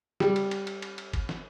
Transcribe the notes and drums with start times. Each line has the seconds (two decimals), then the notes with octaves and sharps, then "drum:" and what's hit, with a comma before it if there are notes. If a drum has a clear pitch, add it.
0.20 G3, drum: snare
0.36 drum: cymbal
0.51 drum: cymbal
0.67 drum: cymbal
0.82 drum: cymbal
0.98 drum: cymbal
1.13 drum: kick, cymbal
1.29 drum: snare